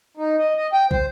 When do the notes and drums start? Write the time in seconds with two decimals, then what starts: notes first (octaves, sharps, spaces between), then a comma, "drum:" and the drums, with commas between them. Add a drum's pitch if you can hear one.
0.17 D#4
0.39 D#5
0.56 D#5
0.73 G5
0.91 C5, drum: kick